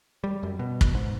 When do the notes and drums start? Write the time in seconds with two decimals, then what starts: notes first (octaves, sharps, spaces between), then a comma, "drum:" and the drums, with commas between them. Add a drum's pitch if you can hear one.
0.24 G3
0.43 F#2
0.59 B2
0.81 drum: kick
0.95 G#2